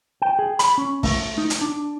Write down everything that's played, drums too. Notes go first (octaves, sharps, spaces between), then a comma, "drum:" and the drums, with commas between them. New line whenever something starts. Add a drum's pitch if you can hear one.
G5
G#4
B5, drum: hi-hat
C#4
A3, drum: kick, open hi-hat
D#4
drum: hi-hat
D4